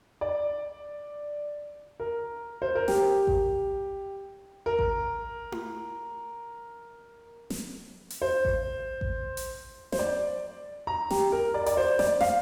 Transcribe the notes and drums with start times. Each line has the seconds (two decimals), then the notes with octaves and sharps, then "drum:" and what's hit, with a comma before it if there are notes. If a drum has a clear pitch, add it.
0.21 D5
2.00 A#4
2.62 C5
2.75 A#4
2.88 G4, drum: snare
3.27 drum: kick A1
4.66 A#4
4.79 drum: kick A1
5.52 drum: tom E4
7.50 drum: snare
8.10 drum: hi-hat
8.22 C5
8.45 drum: kick A1
9.01 drum: kick A1
9.37 drum: hi-hat
9.92 C5, drum: snare
9.99 D5
10.87 A#5
11.10 G4, drum: snare
11.32 A#4
11.54 D5
11.66 D5, drum: hi-hat
11.77 C5
11.99 D5, drum: snare
12.21 F5, drum: snare